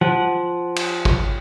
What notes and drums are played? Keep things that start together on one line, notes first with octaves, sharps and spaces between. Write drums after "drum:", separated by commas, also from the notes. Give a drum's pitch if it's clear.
F3 F#5
drum: cymbal
drum: kick